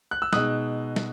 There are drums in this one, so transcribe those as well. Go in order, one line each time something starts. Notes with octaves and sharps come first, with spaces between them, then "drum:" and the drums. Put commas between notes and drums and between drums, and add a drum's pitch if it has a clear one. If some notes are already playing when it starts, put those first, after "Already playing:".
F#6
E6
B2 G#3 D#4 D#6 F#6, drum: snare
drum: snare